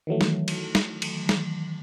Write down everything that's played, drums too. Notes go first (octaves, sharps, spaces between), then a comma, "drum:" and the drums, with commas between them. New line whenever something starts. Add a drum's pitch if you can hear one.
D#3 E3 F#3 A3
drum: snare
drum: cymbal
drum: snare
drum: cymbal
drum: snare